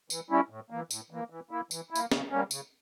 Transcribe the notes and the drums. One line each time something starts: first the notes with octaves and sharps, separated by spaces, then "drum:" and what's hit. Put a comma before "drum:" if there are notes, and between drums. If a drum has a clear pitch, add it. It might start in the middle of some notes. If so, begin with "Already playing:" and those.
E3, drum: tambourine
G3 C#4 E4
A2
E3 A#3
A2, drum: tambourine
E3 A#3
E3
A#3 E4
E3, drum: tambourine
E4
A#3, drum: tambourine
C#3, drum: snare
G3 A#3 C#4
C#3, drum: tambourine